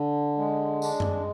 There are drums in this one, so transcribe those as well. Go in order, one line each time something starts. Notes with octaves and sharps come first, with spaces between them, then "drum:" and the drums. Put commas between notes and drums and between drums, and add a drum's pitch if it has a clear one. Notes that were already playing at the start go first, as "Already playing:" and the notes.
Already playing: D3
G#3
D4, drum: tambourine
drum: tom F#2